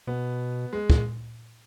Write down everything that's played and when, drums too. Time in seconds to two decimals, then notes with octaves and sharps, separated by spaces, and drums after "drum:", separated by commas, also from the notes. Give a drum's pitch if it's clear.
0.07 B2 B3
0.73 G#3
0.90 drum: kick